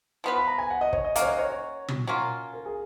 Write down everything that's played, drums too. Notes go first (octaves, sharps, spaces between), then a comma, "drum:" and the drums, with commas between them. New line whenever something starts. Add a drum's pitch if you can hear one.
F3 B3 F4 B4
B5
A#5
G#5
F#5
D#5
C#5, drum: kick
D#5
A#3 C#4 F#4 F5, drum: hi-hat
C#5
D#5
C#5
C#5
drum: tom
F#3 A#3 C#4 F4
A#4
G#4